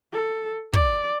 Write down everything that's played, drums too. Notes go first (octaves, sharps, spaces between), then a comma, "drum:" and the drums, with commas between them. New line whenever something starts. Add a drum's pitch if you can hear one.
A4
D5, drum: kick